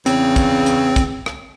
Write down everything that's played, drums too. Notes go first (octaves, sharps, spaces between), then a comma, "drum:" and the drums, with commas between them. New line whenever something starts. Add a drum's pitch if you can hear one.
E2 C#3 C4, drum: hi-hat
drum: kick, hi-hat
drum: hi-hat
drum: kick, hi-hat
drum: rim click